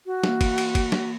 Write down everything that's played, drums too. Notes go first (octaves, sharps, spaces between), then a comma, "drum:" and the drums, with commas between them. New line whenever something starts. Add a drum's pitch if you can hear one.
F#4
E3 A#3, drum: snare
drum: kick, cymbal
drum: cymbal
drum: kick, cymbal
drum: snare